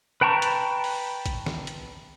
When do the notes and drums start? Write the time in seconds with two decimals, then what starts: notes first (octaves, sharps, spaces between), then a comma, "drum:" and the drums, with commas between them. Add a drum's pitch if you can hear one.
0.21 B4 G5 A5 A#5 C#6
0.42 drum: hi-hat
0.84 drum: open hi-hat
1.26 drum: kick A1, hi-hat
1.46 drum: snare
1.67 drum: hi-hat